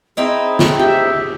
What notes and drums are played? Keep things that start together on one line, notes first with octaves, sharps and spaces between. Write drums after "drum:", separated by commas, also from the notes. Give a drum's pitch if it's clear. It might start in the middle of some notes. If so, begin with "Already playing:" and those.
C4 D#4 E4 G#4
drum: snare
G4 E5